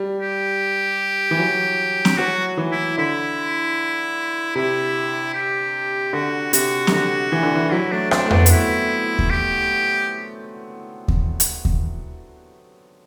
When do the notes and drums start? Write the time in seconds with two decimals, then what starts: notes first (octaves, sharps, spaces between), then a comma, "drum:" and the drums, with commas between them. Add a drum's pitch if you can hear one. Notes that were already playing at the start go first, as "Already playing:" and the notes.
Already playing: G3
0.20 G4
1.31 E3
1.38 F#3
2.05 drum: snare C4
2.18 F#3 F#4
2.57 E3
2.71 E4
2.98 D3 E4
4.55 C3 E4
5.34 G4
6.13 D3 F#4
6.53 C3 F#4, drum: hi-hat
6.87 C3, drum: snare C4
6.92 D3 F#4
7.32 E3
7.43 D3
7.55 E3
7.72 F#3 E4
7.91 A3 D4
8.11 C4 D4, drum: rim click
8.26 A3
8.31 B3 D4, drum: tom F2
8.46 B3, drum: hi-hat
8.51 A3 E4
9.19 drum: kick D#2
9.30 G4
11.08 drum: kick D#2
11.40 drum: hi-hat
11.65 drum: kick D#2